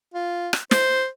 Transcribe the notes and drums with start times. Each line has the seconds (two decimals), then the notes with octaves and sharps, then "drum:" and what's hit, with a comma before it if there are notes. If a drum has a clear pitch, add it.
0.14 F4
0.53 drum: rim click
0.71 C5, drum: snare